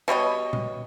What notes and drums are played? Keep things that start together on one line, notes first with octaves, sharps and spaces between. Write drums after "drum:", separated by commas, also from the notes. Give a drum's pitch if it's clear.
B2 G3 C#5 D#5
drum: tom A#2